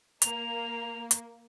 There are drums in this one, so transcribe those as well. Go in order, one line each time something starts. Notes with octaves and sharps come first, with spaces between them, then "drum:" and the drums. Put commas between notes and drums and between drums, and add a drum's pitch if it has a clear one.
A#3 F7, drum: hi-hat
drum: hi-hat